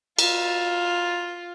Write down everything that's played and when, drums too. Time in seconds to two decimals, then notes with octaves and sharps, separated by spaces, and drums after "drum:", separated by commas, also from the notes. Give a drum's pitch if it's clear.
0.19 F4, drum: cymbal